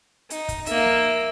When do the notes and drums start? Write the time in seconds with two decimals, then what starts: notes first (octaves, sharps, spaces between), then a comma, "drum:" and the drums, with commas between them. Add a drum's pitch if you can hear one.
0.30 D#4, drum: hi-hat
0.48 drum: kick, hi-hat
0.66 A#3 E5, drum: hi-hat
0.85 drum: snare